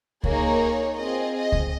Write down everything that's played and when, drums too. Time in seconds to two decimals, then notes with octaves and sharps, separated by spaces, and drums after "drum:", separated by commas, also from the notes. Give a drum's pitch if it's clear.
0.24 A#3 D#4 G#4 C#5, drum: kick C#2
0.97 C4 F4 G#4 D#5
1.34 D#5
1.52 drum: kick C#2